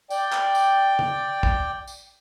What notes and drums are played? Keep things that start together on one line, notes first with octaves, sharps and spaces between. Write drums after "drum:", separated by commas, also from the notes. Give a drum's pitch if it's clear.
D5 G5, drum: tambourine
drum: clap
drum: tambourine
drum: tom
drum: kick
drum: tambourine